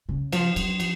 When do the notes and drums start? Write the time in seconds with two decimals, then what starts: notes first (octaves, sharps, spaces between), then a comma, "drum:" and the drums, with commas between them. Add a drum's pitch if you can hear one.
0.09 C#3
0.32 F3, drum: cymbal
0.56 F#3, drum: cymbal
0.80 F3, drum: cymbal